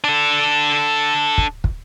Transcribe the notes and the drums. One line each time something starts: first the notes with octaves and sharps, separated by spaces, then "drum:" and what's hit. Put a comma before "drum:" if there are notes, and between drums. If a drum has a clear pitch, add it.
D4 A4
drum: kick
drum: kick